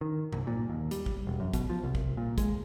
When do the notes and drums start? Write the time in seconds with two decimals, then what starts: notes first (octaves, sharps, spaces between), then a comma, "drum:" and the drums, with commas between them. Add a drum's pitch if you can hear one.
0.01 D#3
0.33 C2, drum: tom G2
0.47 A#2
0.70 D#2
0.91 G3, drum: hi-hat
1.06 drum: kick
1.27 E1
1.40 F#2
1.54 B2, drum: kick, hi-hat
1.70 F3
1.83 C2
1.95 drum: kick
2.17 A#2
2.38 G#3, drum: kick, hi-hat